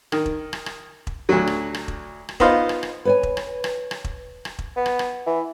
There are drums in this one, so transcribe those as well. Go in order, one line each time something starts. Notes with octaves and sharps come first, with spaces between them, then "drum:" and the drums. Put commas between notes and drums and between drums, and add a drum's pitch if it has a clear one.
D#3, drum: rim click
drum: kick E1
drum: rim click
drum: rim click
drum: kick E1
D2 F#3
drum: rim click
drum: rim click
drum: kick E1
drum: rim click
B3 D#4 F4 C5 F5, drum: kick E1
drum: rim click
drum: rim click
B4 C#5 G#5
drum: kick E1
drum: rim click
drum: rim click
drum: rim click
drum: kick E1
drum: rim click
drum: kick E1
B3
drum: rim click
drum: rim click
E3